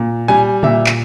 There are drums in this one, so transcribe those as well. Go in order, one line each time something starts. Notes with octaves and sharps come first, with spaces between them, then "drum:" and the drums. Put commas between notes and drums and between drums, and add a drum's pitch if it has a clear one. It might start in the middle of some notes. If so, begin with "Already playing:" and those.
Already playing: A#2
G3 G#5
A#2 E5, drum: tom C#3
drum: clap